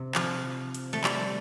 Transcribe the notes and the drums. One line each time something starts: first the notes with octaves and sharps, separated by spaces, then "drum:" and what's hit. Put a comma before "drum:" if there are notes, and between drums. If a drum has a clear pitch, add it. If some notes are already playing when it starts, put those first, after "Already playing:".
Already playing: C3
F3, drum: clap
drum: hi-hat
A3
G3, drum: clap